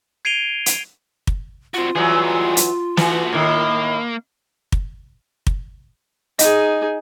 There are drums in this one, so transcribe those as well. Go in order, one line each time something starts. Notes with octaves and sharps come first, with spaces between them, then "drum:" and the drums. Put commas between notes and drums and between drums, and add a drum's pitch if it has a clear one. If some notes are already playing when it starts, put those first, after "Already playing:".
G#6 C7 D7 D#7 F7 G7
drum: hi-hat
drum: kick
C4 F4 F#4
E3 F#3 G3 G#4
drum: hi-hat
E3 F#4 A4, drum: snare
A2 D#3 A#3
drum: kick
drum: kick
D#4 G#4 D#5, drum: hi-hat